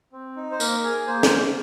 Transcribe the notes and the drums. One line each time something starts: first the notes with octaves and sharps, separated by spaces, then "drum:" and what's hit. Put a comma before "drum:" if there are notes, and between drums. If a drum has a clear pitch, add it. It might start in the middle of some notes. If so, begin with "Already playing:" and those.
C4
D#4
C5
A#3 A#4, drum: tambourine
G#4
A#3 C5
drum: snare